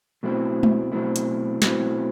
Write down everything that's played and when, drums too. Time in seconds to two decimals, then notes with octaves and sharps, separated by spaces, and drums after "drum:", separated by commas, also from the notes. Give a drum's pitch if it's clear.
0.23 B2 F#3 A3 C4 E4
0.63 drum: tom G#3
0.92 B2 F#3 A3 C4 E4
1.16 drum: hi-hat
1.62 B2 F#3 A3 C4 E4, drum: snare